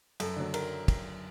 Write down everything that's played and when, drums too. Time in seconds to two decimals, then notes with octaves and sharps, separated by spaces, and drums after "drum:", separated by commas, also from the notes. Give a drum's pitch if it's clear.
0.20 F#2 A4, drum: cymbal
0.36 D3 F#3
0.54 A#4, drum: cymbal
0.88 drum: kick, cymbal